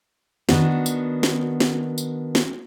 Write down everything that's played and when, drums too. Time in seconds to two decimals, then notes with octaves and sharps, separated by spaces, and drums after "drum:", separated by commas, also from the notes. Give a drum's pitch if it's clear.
0.49 D#3 B3 D4 F#4, drum: snare
0.86 drum: tambourine
1.23 drum: snare
1.60 drum: snare
1.98 drum: tambourine
2.35 drum: snare